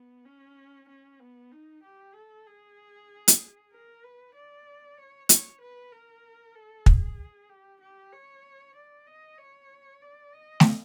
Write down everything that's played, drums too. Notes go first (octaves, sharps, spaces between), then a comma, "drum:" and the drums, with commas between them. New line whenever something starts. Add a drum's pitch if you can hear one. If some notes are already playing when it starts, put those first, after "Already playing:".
Already playing: B3
C#4
C#4
B3
D#4
G4
A4
G#4
drum: hi-hat
A#4
B4
D5
C#5
C#5, drum: hi-hat
B4
A#4
A4
G#4, drum: kick
G4
G4
C#5
D5
D#5
C#5
D5
D#5
drum: snare A3